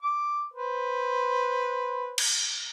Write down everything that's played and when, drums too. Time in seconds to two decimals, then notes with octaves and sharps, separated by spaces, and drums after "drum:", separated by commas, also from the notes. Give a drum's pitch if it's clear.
0.02 D6
0.54 B4 C5
2.18 drum: cymbal